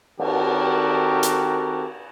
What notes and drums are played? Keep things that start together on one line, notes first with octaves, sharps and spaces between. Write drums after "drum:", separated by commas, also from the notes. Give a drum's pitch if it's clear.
D#3 C4 F#4 G4 A4 A#4, drum: cymbal
drum: hi-hat